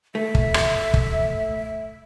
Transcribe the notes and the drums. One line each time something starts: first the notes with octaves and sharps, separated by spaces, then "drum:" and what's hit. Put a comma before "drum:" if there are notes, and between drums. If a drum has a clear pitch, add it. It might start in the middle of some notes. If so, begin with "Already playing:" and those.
A3 E5
drum: kick
drum: rim click
drum: kick